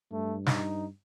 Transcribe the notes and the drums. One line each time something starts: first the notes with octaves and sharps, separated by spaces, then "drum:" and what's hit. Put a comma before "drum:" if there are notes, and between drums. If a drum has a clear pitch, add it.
G2 A3
D#4, drum: snare